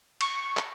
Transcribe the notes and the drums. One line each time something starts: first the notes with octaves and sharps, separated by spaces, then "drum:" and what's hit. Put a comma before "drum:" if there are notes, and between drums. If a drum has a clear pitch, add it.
C#6, drum: cymbal
drum: clap